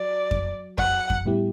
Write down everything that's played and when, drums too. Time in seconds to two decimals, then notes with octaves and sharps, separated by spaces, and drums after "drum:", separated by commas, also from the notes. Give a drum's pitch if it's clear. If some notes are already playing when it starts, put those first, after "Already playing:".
Already playing: F#3 F#4 D5
0.31 drum: kick F2
0.78 F#5, drum: kick F2
1.10 drum: kick F2
1.26 A2 G3 B3 E4 G4